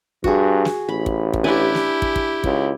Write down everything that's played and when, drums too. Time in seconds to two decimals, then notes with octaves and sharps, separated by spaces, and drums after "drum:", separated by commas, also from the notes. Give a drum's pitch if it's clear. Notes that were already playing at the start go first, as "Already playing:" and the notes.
0.24 G2 F#4 G#4, drum: kick
0.65 drum: snare
0.89 A1 B5
1.06 drum: kick
1.34 drum: kick
1.44 D4 E4 G4 B4 G#5
1.75 drum: snare
2.02 drum: kick
2.16 drum: kick
2.44 C#2, drum: kick